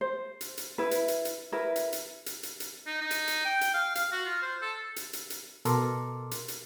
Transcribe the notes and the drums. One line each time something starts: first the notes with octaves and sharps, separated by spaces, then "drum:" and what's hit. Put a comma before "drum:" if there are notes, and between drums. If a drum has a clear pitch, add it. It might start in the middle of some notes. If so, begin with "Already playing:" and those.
C5
drum: hi-hat
drum: hi-hat
E4 B4
drum: hi-hat
drum: hi-hat
drum: hi-hat
E4 A#4 B4
drum: hi-hat
drum: hi-hat
drum: hi-hat
drum: hi-hat
drum: hi-hat
D#4
D#4
drum: hi-hat
drum: hi-hat
G5
drum: hi-hat
F5
F5, drum: hi-hat
F#4
F4
C5
A4
drum: hi-hat
drum: hi-hat
drum: hi-hat
B2 A4 A#4 C6 D6, drum: hi-hat
drum: hi-hat
drum: hi-hat